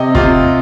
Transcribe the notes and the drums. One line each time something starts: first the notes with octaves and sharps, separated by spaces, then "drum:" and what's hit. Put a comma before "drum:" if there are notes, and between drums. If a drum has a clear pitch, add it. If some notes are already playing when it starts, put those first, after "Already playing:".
Already playing: C3 D#5
C3 F4, drum: kick